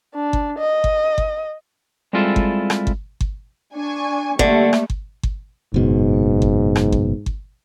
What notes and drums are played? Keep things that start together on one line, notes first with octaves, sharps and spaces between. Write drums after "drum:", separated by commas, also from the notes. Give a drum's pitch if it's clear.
D4
drum: kick G1
D#5
drum: kick G1
drum: kick G1
G3 G#3 C4 E4 F4 A4
drum: kick G1
drum: rim click
drum: kick G1
drum: kick G1
D4 G#5 C#6
D3 G3 A3 A#3, drum: kick G1
drum: rim click
drum: kick G1
drum: kick G1
F#1 G#2 B2
drum: kick G1
drum: rim click
drum: kick G1
drum: kick G1